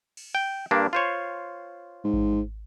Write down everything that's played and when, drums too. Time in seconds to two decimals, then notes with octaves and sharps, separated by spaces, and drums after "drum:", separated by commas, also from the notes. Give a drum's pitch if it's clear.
0.17 drum: cymbal
0.35 G5
0.71 G2 A#3 D4
0.93 F4 C5 C#5
2.04 G#2
2.13 drum: kick A1